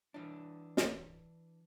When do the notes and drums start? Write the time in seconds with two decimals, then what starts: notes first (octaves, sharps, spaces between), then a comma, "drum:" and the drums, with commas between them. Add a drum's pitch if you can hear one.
0.14 E3 D4
0.77 drum: snare